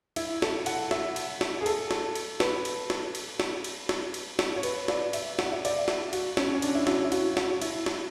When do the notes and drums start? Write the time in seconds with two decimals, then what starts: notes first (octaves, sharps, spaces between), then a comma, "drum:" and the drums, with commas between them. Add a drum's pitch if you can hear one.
0.16 E4, drum: cymbal
0.42 A4, drum: snare
0.66 F#5, drum: cymbal
0.91 E5, drum: snare
1.16 drum: cymbal
1.41 drum: snare
1.61 G#4
1.66 A4, drum: cymbal
1.91 drum: snare
2.15 drum: cymbal
2.40 B4, drum: snare
2.65 drum: cymbal
2.90 drum: snare
3.15 drum: cymbal
3.40 drum: snare
3.64 drum: cymbal
3.89 drum: snare
4.14 drum: cymbal
4.39 drum: snare
4.56 C#5
4.63 B4, drum: cymbal
4.88 D5, drum: snare
5.13 E5, drum: cymbal
5.39 F#5, drum: snare
5.52 E5
5.65 D5, drum: cymbal
5.78 E5
5.88 drum: snare
6.13 F#4, drum: cymbal
6.37 C#4, drum: snare
6.55 C#4
6.62 D4, drum: cymbal
6.75 E4
6.87 F#4, drum: snare
7.05 E4
7.12 F#4, drum: cymbal
7.37 F#4, drum: snare
7.62 E4, drum: cymbal
7.86 drum: snare